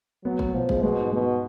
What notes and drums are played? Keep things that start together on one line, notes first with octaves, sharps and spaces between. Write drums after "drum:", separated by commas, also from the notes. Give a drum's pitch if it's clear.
F#3 B3
B3, drum: kick
B2 F3
G#3, drum: kick
B2 G#3
G#2
B2 G#3